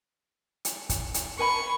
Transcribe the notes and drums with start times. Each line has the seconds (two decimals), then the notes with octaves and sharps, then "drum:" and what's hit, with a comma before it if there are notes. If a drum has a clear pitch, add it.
0.65 drum: hi-hat
0.89 drum: kick, hi-hat
1.14 drum: hi-hat
1.39 A#4 G#5 B5 C#6